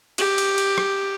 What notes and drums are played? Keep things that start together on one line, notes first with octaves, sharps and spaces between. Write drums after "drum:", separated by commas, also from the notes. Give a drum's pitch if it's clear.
G4, drum: cymbal
drum: cymbal
drum: cymbal
drum: rim click